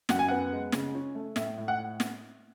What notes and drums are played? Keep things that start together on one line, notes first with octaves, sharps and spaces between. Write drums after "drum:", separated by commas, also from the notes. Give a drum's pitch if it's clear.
F#2 F#5, drum: snare
G#5
B3 F#5
G#3
C#3, drum: snare
C#4
A3
A2 E5, drum: snare
A2
F#5
drum: snare